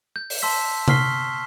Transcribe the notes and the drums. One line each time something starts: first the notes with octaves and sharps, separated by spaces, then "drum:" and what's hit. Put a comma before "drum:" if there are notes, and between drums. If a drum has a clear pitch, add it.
G6
drum: open hi-hat
A5 C6 E6 B6
C6 C#6 F6 B6 C7 G7, drum: tom C3